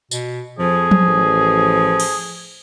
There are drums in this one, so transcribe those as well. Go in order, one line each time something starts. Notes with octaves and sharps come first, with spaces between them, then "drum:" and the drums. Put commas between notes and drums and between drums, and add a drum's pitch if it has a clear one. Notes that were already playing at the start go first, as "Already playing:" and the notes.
B2, drum: tambourine
F2 F3 G#4
drum: tom F3
A1
drum: cymbal